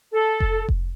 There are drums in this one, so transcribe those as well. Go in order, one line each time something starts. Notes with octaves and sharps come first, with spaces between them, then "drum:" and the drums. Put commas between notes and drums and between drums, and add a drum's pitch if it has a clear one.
A4
drum: kick F1
drum: kick F1